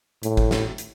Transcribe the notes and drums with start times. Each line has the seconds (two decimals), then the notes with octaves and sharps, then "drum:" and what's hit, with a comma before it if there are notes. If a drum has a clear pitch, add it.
0.23 A2, drum: hi-hat
0.37 drum: kick G#1
0.51 drum: snare
0.78 drum: hi-hat